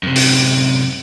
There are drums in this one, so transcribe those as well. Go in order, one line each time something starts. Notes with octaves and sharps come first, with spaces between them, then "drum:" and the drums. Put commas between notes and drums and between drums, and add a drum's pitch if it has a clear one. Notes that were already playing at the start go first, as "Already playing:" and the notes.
F#2 C3
drum: open hi-hat